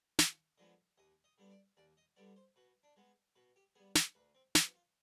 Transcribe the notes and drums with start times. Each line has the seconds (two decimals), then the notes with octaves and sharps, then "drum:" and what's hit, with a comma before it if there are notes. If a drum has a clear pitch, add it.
0.19 D#2 F4, drum: snare
0.58 D3 F3 G#3 B3 D#5
0.98 D#2 D#5
1.24 D#5
1.38 D3 G3 B3
1.51 D5
1.77 D#2 D5
1.97 D#5
2.16 D3 G3 B3 D5
2.36 C5
2.56 B2 B4
2.83 D4
2.96 G#3 B3
3.36 B2 B4
3.56 G4
3.75 G3 B3 G#4
3.95 B4, drum: snare
4.15 D2 B4
4.35 C4
4.55 C3 F3 B3 D4, drum: snare
4.74 F4